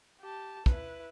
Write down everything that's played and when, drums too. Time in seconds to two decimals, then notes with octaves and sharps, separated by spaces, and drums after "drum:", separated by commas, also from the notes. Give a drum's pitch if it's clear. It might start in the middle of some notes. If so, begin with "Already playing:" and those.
0.21 G4 A5
0.66 E4 B4, drum: kick